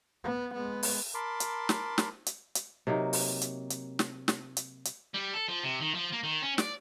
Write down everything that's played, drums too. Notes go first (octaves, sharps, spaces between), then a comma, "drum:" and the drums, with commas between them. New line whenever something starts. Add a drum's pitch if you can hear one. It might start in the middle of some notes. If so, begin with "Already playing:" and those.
B3
G#3 B3
drum: open hi-hat
A#4 A5 B5 C6 D6
drum: hi-hat
drum: snare
drum: snare
drum: hi-hat
drum: hi-hat
C3 F#3 A#3 D#4
drum: open hi-hat
drum: hi-hat
drum: hi-hat
drum: snare
drum: snare
drum: hi-hat
drum: hi-hat
G3
A4
F3
C3
D#3
F3
A#3
D#3
C#4
D5, drum: snare